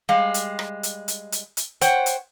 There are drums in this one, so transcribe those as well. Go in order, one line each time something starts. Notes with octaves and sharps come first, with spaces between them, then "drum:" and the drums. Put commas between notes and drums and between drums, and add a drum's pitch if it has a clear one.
G3 G#3 F5
drum: hi-hat
drum: rim click
drum: hi-hat
drum: hi-hat
drum: hi-hat
drum: hi-hat
C5 C#5 F#5 G5, drum: hi-hat
drum: hi-hat